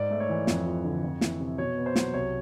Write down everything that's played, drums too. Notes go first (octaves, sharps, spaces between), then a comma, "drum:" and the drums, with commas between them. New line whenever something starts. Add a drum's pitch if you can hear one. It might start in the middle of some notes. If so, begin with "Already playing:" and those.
Already playing: G#2 D5
A3
C#5
E3
F2, drum: snare
F3
D3
F2
E3, drum: snare
C3
B2 C#5
B3
C5
F#3, drum: snare
C2 C#5